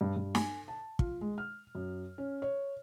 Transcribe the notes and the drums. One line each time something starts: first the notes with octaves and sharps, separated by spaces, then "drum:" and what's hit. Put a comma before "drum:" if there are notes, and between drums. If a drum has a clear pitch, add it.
G2
G2
G#5, drum: snare
A5
F4, drum: kick
G#3
F6
F#2
C#4
C#5